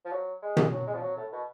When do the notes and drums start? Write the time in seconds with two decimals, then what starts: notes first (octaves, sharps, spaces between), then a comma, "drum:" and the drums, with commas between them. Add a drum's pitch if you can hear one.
0.05 F3
0.12 F#3
0.42 G#3
0.57 drum: tom
0.72 F#3
0.87 G#3
0.94 F3
1.02 F#3
1.16 A2
1.32 B2